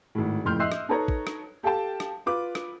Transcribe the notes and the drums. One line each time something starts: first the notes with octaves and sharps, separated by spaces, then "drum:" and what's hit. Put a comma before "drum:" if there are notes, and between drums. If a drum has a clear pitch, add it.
G#1 A2
F#1 F2 A2 C6 F6 G6
D#5 E5 C6 E6 F#6 C7
drum: rim click
D#4 A4 B4 C#5 A#5
drum: kick
drum: rim click
G4 A4 F5 G5 A5
drum: rim click
F4 B4 D6
drum: rim click